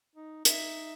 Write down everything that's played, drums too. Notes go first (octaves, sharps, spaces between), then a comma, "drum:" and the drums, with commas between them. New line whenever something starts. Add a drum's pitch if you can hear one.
D#4
D#4 E5, drum: hi-hat